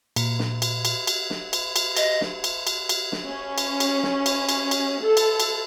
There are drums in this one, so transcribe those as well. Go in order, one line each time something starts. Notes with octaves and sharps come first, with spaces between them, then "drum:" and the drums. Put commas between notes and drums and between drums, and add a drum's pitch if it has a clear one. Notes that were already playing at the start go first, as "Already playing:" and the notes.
A#2, drum: cymbal
drum: snare
drum: cymbal
drum: cymbal
drum: cymbal
drum: snare
drum: cymbal
drum: cymbal
D#5, drum: cymbal
drum: snare
drum: cymbal
drum: cymbal
drum: cymbal
drum: snare
C#4
drum: cymbal
drum: cymbal
drum: snare
drum: cymbal
drum: cymbal
drum: cymbal
A4
drum: cymbal
drum: cymbal